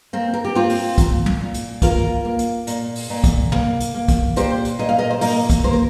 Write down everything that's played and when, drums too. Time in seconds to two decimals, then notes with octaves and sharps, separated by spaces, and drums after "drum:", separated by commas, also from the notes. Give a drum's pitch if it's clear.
0.13 A#3 C4
0.34 A#4
0.45 G4
0.55 A#3 C4 F4
0.70 drum: open hi-hat
0.98 A#2, drum: kick, hi-hat
1.26 drum: tom
1.40 A#2
1.54 drum: hi-hat
1.82 A#3 F4 A#4, drum: kick, hi-hat
2.25 A#3
2.39 drum: hi-hat
2.67 A#2, drum: hi-hat
2.95 drum: open hi-hat
3.10 A#2
3.24 drum: kick, hi-hat
3.52 A#3, drum: tom
3.80 drum: hi-hat
3.95 A#3
4.08 drum: kick, hi-hat
4.36 A#2 G4 C5, drum: hi-hat
4.65 drum: hi-hat
4.79 A#2 D#5
4.89 F5
4.98 A#4 D#5
5.11 C5
5.21 A#3 A#4 D#5, drum: open hi-hat
5.50 drum: kick, hi-hat
5.64 A#3 C5
5.73 A#4